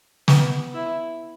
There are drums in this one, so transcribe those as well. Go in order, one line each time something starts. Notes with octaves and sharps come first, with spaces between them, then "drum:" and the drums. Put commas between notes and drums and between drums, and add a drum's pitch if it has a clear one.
B3, drum: snare
E4